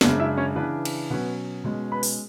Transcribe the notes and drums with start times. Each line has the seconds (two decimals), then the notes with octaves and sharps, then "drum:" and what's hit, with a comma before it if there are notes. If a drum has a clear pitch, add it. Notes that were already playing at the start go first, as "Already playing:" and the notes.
0.01 F#2 C#3 G#3 D4 D5, drum: snare
0.19 E4 E5
0.37 C#4 C#5
0.55 C#3 E3 B3 D4 B4
0.85 drum: cymbal
1.10 B2 F#3 B3 C#4 B4
1.64 B2 G#3 C#4
1.92 B4 B5
2.03 drum: open hi-hat